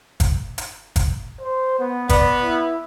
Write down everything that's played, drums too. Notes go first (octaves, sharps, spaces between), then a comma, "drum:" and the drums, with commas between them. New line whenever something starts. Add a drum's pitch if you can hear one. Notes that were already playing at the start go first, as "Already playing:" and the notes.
drum: kick, hi-hat
drum: hi-hat
drum: kick, hi-hat
C5
B3
B3 D5, drum: kick, hi-hat
E4